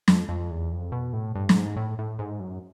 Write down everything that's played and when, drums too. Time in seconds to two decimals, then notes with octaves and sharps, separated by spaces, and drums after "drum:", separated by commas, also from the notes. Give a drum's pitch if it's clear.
0.08 F2, drum: snare
0.29 F2
0.51 E2
0.72 F2
0.92 B2
1.13 A2
1.35 G2
1.49 A2, drum: snare
1.56 G#2
1.76 A2
1.99 A2
2.19 G#2
2.40 F#2